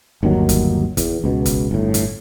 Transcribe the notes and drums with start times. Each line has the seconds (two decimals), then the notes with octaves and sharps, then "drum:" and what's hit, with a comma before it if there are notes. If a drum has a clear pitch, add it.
0.23 G1 D#2 D#3 F#3
0.49 drum: kick G1, hi-hat
0.97 E2, drum: kick G1, hi-hat
1.24 C#2 B2
1.46 drum: kick G1, hi-hat
1.71 G1 A2
1.94 drum: kick G1, hi-hat